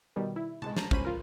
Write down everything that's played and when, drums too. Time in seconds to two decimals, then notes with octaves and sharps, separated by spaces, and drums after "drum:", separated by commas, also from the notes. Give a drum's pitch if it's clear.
0.16 B2 D#3 G3
0.36 E4
0.62 G#3 A5, drum: tom C3
0.77 A5 A#5 A#6, drum: snare
0.91 G1 C#2 C#4 C5 B5 D#7, drum: kick
1.05 F4 A#4